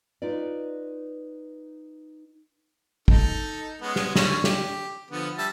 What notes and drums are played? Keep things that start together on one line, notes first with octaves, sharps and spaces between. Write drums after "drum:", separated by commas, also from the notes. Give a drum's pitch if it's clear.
D#4 F4 B4 D5
D#4 A4, drum: kick
G#3 B3 C#4
drum: snare
D3 C#4 C#5, drum: snare
G4, drum: snare
D3 F3 B3
G3 E5 A5